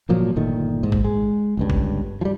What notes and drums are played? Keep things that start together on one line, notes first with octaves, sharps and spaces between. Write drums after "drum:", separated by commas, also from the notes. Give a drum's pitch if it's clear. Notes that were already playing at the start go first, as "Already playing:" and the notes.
G1 A#2 F3 F#3
G1 A#2 D#3 A3
G#2
drum: kick
G#3
G1 C#2 G2
drum: kick
F3 G3